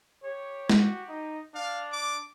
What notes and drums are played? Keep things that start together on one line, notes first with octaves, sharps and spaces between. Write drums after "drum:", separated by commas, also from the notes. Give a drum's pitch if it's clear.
G4 C#5
F#4, drum: snare
D#4
D4 F5
D6